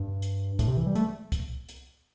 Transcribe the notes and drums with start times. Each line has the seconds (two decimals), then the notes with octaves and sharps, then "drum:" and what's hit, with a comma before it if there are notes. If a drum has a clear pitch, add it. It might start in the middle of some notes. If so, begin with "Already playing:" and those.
Already playing: G2
0.22 drum: hi-hat
0.59 A2, drum: kick C2, hi-hat
0.68 C3
0.77 E3
0.87 G3
0.95 A3, drum: hi-hat
1.32 drum: kick C2, hi-hat
1.69 drum: hi-hat